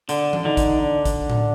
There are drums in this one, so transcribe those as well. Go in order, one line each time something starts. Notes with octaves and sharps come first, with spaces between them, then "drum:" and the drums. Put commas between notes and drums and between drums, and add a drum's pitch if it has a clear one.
D3 D4, drum: hi-hat
drum: tom E3
D3 D#4
drum: kick G#1, hi-hat
D4
drum: kick G#1, hi-hat
drum: tom A2